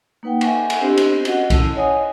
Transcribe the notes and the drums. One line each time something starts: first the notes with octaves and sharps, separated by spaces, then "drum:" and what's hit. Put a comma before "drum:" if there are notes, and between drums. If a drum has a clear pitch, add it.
A#3 D#4 B4 F#5 G5
E5 F#5 G#5 C#6 D6, drum: cymbal
drum: cymbal
B3 C4 D4 E4 G4 C5
drum: cymbal
C#4 F#4 D#5 F#5, drum: cymbal
C#4 E4 A5, drum: kick B1, cymbal
C#5 D#5 F#5 G#5 D#6